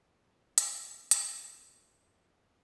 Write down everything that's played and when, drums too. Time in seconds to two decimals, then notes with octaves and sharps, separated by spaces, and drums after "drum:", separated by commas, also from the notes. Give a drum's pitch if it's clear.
0.13 B1 G#2
0.58 A#3, drum: hi-hat
1.11 drum: hi-hat
1.87 F2 G#2